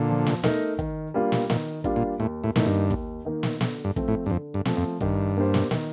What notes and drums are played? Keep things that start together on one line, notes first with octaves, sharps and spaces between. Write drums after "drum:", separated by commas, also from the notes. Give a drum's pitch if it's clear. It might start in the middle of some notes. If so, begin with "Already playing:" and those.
Already playing: A#2 D3
F3
drum: snare
A3 D#4 A#4, drum: snare
D#3, drum: kick
G3 A#3 D4 F4
drum: snare
A#2 D#3, drum: snare
G3 A#3 D4 F4, drum: kick
A#2
D#2 A2
A2
A2 D#3 A#3 D#4, drum: snare
G2
D#2, drum: kick
D#3 A#3 D#4
drum: snare
D3, drum: snare
G2
F3 A3 C4, drum: kick
A2
G2
F2 D3
G2
F3 A3 C4, drum: snare
F2
G2 D#3, drum: kick
A#3 D4 G4 C5
drum: snare
D#3, drum: snare